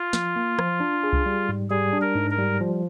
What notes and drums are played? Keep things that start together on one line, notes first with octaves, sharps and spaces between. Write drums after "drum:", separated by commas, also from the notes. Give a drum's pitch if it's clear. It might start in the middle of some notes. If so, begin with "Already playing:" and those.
Already playing: F4
F3, drum: snare
A#3
F3, drum: rim click
D4
G#4
drum: kick C2
G3
G#2
G3 G#4
D4
A#4
G#2
A#4
G3
F3